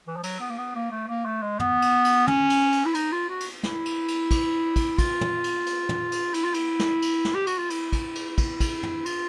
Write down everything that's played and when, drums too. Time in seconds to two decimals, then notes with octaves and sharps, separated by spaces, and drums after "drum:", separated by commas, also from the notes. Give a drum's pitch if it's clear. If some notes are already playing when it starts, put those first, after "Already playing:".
0.07 E3
0.16 F3
0.23 F#3, drum: cymbal
0.40 B3
0.49 A#3
0.58 B3
0.75 A#3
0.91 A3
1.08 A#3
1.25 A3
1.42 G#3
1.60 B3, drum: tom
1.82 drum: cymbal
2.05 drum: cymbal
2.28 C#4, drum: tom
2.50 drum: cymbal
2.72 drum: cymbal
2.85 E4
2.94 D#4, drum: cymbal
3.12 F4
3.29 F#4
3.40 drum: cymbal
3.63 E4, drum: snare
3.85 drum: cymbal
4.08 drum: cymbal
4.31 drum: kick, cymbal
4.76 drum: kick, cymbal
4.98 F4, drum: kick, cymbal
5.21 drum: tom
5.44 drum: cymbal
5.66 drum: cymbal
5.89 drum: tom
6.12 drum: cymbal
6.34 E4, drum: cymbal
6.44 F4
6.54 E4, drum: cymbal
6.79 drum: snare
7.02 drum: cymbal
7.25 drum: snare
7.35 G4
7.47 F#4, drum: cymbal
7.58 F4
7.70 E4, drum: cymbal
7.93 drum: kick, cymbal
8.15 drum: cymbal
8.38 drum: kick, cymbal
8.60 drum: kick, cymbal
8.83 drum: tom
9.06 F4, drum: cymbal